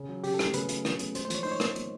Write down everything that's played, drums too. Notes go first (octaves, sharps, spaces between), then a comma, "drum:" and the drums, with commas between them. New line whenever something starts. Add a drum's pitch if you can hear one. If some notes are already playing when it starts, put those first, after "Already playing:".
Already playing: C#3
F#3
C#3 G4, drum: open hi-hat
A4
A3 A#4, drum: rim click
C#3 B4, drum: hi-hat
F#3, drum: hi-hat
C#3, drum: rim click
A3, drum: hi-hat
G#2 C5, drum: hi-hat
C5
F3 C#5, drum: hi-hat
D#4 C5, drum: open hi-hat
C#5
A#3, drum: rim click
drum: hi-hat